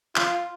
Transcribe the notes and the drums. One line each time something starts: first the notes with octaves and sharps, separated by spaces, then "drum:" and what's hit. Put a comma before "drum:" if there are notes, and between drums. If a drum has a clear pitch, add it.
F4, drum: clap